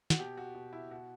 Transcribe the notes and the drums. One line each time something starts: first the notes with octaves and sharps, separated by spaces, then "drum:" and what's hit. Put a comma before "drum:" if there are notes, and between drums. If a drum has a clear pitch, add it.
F#4, drum: snare
B2 G4
F#4
B2
E4
B2 F#4